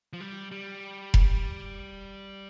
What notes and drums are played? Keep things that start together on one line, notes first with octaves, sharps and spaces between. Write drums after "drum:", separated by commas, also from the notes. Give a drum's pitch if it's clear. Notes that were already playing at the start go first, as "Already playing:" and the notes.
F3
G3
G3
drum: kick F1